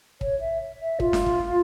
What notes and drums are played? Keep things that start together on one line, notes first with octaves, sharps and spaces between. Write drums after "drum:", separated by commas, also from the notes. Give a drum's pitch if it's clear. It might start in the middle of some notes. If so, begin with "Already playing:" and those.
C#5, drum: kick
E5
E5
F4, drum: kick
drum: snare
drum: kick